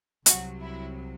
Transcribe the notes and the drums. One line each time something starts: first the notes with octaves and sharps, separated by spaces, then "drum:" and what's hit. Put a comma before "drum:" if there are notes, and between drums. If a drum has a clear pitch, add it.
C2 C3 F#3 F#4, drum: hi-hat
E4